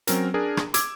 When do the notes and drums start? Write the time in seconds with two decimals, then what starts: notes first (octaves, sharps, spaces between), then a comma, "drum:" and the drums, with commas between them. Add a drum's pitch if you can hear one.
0.07 F#3 C4 C#4 A#4, drum: hi-hat
0.34 D4 G#4 A#4
0.57 drum: rim click
0.74 D6 E6 G#6, drum: hi-hat